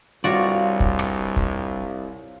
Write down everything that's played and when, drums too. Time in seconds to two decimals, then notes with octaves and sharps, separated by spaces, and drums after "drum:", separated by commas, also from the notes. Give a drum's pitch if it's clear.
0.24 C2 G2 F4 F#4 C#5 D5 F5
0.80 drum: kick
0.99 drum: rim click
1.36 drum: kick